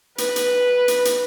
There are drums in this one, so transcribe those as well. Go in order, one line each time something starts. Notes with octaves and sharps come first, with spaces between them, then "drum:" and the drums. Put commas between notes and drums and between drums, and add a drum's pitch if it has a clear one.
B4, drum: hi-hat
drum: hi-hat
drum: hi-hat
drum: hi-hat